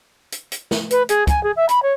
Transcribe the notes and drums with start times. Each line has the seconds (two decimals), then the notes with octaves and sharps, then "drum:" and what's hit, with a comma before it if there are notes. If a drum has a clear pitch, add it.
0.32 drum: hi-hat
0.52 drum: hi-hat
0.71 drum: snare
0.91 B4, drum: hi-hat
1.09 G#4, drum: hi-hat
1.27 G#5, drum: kick, hi-hat
1.43 G#4
1.56 E5
1.69 B5, drum: hi-hat
1.82 C#5